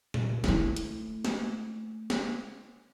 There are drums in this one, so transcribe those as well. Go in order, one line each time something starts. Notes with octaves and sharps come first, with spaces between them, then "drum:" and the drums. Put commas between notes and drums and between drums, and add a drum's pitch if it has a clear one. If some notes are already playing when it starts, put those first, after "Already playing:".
drum: tom A#2
A3 E4, drum: snare
drum: hi-hat
drum: snare
drum: snare